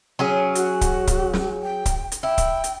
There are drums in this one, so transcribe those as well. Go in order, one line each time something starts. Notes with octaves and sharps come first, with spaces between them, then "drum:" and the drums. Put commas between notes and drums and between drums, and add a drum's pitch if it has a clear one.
F#3 C#4 G#4
F#4, drum: hi-hat
drum: kick C#1, hi-hat
drum: kick C#1, hi-hat
drum: snare
G5
drum: kick C#1, hi-hat
drum: hi-hat
E4 G5
drum: kick C#1, hi-hat
drum: hi-hat